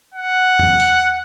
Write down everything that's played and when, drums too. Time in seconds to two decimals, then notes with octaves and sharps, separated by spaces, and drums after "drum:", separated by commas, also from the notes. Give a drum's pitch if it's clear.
0.14 F#5
0.59 drum: tom E2
0.80 drum: tambourine